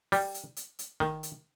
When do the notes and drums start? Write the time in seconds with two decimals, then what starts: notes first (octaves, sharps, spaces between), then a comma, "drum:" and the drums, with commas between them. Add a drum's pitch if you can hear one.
0.12 G3, drum: open hi-hat
0.34 drum: hi-hat
0.57 drum: hi-hat
0.79 drum: hi-hat
1.00 D#3, drum: snare
1.23 drum: hi-hat